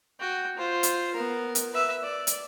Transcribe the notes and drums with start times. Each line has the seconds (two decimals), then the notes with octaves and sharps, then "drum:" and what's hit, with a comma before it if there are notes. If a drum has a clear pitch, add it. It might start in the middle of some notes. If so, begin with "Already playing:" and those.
0.20 F#4 G5
0.57 F4 C5
0.83 drum: hi-hat
1.14 B3 A#4
1.55 drum: hi-hat
1.73 B4 E5
2.03 D5
2.27 drum: hi-hat